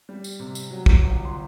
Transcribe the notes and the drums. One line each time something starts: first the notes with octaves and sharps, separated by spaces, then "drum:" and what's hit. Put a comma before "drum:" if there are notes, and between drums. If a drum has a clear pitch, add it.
G3
drum: tambourine
C3
drum: tambourine
F#3
drum: kick
G1
C6